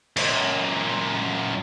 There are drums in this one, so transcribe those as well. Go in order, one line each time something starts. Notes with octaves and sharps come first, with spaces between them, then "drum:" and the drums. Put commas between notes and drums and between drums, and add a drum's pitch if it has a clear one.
F#2 A#2, drum: cymbal